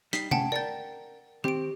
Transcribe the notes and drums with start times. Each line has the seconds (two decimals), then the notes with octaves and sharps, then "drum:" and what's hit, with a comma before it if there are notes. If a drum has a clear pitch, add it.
0.13 G3 D#4 B6 C7, drum: hi-hat
0.31 C#4 F#5 G5 A5, drum: tom
0.52 A#4 D5 F#5 G5 A6
1.44 D#3 C4 G4 D7